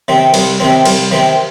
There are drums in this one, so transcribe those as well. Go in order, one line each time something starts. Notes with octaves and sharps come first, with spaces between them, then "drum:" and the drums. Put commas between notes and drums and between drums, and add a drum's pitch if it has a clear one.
C3 D#3 C4
C2, drum: cymbal
C3 D#3 C4
C2, drum: cymbal
C3 D#3 C4